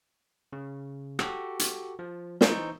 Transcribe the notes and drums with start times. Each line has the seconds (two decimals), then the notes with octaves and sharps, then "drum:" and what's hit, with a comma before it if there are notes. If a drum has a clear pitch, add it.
0.53 C#3
1.19 F#4 G4 A4, drum: rim click
1.59 drum: hi-hat
1.99 F3
2.41 E3 D#4 C5 C#6 E6 G6, drum: snare